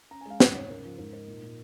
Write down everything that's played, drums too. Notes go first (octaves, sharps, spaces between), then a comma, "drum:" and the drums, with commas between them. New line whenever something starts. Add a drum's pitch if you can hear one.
C#4 A#5
G#5
G#3 F5
G#3, drum: snare
G#2 C#5
C#3 A#4
F3
G#2 A#4
D#4 A#4
A#2
A#2